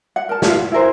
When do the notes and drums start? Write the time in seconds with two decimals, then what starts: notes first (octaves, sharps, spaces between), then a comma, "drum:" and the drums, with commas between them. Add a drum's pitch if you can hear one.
0.16 F#5
0.29 A#4 A5
0.42 E4 F4, drum: snare
0.57 F#5
0.72 E4 G#4 A#4 C5